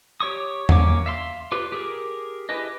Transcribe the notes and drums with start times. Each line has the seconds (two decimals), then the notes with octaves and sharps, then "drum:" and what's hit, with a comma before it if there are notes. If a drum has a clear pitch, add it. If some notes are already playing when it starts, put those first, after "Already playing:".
0.20 G4 C#5 C#6 D#6
0.69 F#3 A#3 C#4 C#5 D6, drum: tom E2
1.06 E5 F5 C6
1.52 F4 G4 B4
1.72 G4 G#4 A#4
2.49 E4 G4 G#4 B4 D#5